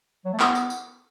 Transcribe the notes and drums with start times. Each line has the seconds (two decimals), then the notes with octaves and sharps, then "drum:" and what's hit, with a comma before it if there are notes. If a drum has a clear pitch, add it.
0.25 F#3
0.33 A3
0.40 B3, drum: clap
0.55 drum: tambourine
0.70 drum: tambourine